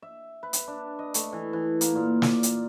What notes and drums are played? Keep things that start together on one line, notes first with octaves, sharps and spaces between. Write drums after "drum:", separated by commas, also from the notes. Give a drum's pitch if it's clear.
E5
B4
drum: hi-hat
D4
D#5
A3, drum: hi-hat
E3
E3
A#3, drum: hi-hat
A#2
D5, drum: snare
drum: hi-hat